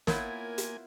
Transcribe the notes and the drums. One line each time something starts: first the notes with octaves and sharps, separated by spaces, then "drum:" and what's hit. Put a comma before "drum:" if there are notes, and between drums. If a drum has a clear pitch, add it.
A#3 B3 E4 F4 A#4 C#5 G#5 B5, drum: snare
drum: hi-hat